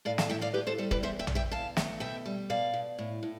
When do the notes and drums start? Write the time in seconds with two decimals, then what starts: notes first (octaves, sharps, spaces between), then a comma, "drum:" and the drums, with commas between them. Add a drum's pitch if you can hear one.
0.05 A2 D5 F5
0.18 F5 A5, drum: snare
0.30 A2 E5 G5
0.41 D5 F5
0.54 A2 G4 B4
0.67 A4 C5
0.78 G3 A4 C5
0.91 B4 D5, drum: kick
1.03 E2 C5 E5
1.19 E5 G5
1.27 E2, drum: tom A#1
1.35 E5 G5
1.51 E2 F5 A5
1.77 A3, drum: snare
2.00 B2 E5 G5
2.26 G3
2.50 B2 D5 F5
2.74 B2
2.99 A2
3.23 A2